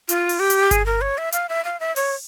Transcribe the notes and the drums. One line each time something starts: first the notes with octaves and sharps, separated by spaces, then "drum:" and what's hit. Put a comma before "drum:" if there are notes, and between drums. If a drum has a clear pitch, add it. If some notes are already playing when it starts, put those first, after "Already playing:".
F4, drum: hi-hat
drum: open hi-hat
G4
drum: hi-hat
G#4, drum: kick G1, hi-hat
A#4
C#5
E5
F5, drum: hi-hat
E5
F5
E5
C#5, drum: open hi-hat